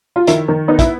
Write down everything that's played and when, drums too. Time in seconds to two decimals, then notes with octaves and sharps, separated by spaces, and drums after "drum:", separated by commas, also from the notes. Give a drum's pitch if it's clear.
0.16 F4
0.27 D#3 E4, drum: hi-hat
0.48 D#3
0.68 B3 D#4
0.79 E4, drum: kick, hi-hat